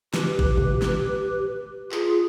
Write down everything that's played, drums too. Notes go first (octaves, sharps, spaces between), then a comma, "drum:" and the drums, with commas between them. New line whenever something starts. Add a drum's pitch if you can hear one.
G4 B4, drum: snare
drum: kick G#1
drum: tom
drum: snare
F4 G#4, drum: clap